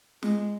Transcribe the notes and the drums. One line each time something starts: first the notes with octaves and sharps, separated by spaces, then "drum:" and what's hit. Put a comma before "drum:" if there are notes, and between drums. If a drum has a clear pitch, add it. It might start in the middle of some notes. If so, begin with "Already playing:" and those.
G#3, drum: snare